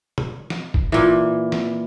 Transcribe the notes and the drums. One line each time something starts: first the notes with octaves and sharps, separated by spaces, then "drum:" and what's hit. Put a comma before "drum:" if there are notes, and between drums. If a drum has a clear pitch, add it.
drum: tom B2
drum: snare
drum: kick
A#2 E3
drum: snare